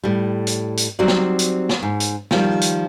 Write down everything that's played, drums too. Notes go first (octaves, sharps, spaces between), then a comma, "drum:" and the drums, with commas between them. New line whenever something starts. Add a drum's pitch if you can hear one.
A2 G3
drum: hi-hat
drum: hi-hat
F#3 G3 C4 D#4 F#4 D5
drum: snare
drum: hi-hat
drum: snare
G#2
drum: hi-hat
D#3 F3 G3, drum: snare
drum: hi-hat